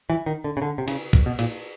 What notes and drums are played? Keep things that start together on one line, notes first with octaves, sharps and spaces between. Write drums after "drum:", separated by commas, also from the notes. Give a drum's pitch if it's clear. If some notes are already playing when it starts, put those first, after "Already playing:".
E3
D#3
D3
C#3
D3
C3
C#3, drum: cymbal
drum: kick
B2
A#2, drum: cymbal